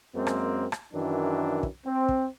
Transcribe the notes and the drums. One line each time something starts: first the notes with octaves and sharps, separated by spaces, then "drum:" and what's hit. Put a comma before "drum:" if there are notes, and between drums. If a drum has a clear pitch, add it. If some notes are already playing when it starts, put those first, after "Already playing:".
F#2 G#3 A#3 C4
drum: rim click
drum: rim click
F#2 D#3 E3 F#3 D4
drum: kick
C4
drum: kick